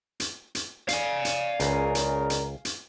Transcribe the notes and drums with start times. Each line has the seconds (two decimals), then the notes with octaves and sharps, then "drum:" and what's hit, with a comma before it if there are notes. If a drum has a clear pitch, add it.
0.20 drum: hi-hat
0.55 drum: hi-hat
0.88 D5 F5 G#5, drum: hi-hat
1.25 drum: hi-hat
1.60 C#2 C#3 A#4, drum: hi-hat
1.95 drum: hi-hat
2.30 drum: hi-hat
2.65 drum: hi-hat